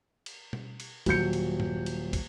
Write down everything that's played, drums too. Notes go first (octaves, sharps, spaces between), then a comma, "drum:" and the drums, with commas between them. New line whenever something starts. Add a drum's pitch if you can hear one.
drum: cymbal
drum: tom B2
drum: cymbal
D#1 F#3 G6 C#7, drum: kick, cymbal
drum: cymbal
drum: tom G2
drum: cymbal
drum: kick, cymbal